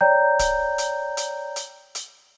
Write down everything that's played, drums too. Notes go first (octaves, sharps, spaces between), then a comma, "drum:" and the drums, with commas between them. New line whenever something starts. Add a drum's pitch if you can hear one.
C#5 D5 G5 A#5 G6
drum: kick D1, hi-hat
drum: hi-hat
drum: hi-hat
drum: hi-hat
drum: hi-hat